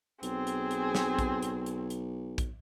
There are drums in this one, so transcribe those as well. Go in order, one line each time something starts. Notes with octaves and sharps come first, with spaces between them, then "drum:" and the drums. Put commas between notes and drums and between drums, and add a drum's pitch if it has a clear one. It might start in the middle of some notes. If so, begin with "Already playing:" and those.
B1 C4 G#4, drum: hi-hat
drum: hi-hat
drum: hi-hat
drum: snare
drum: kick, hi-hat
drum: hi-hat
drum: hi-hat
drum: hi-hat
drum: kick, hi-hat